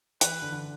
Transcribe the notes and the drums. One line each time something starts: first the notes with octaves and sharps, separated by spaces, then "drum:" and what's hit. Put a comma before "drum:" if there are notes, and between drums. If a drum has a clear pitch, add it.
E3 B4, drum: hi-hat
D3
D3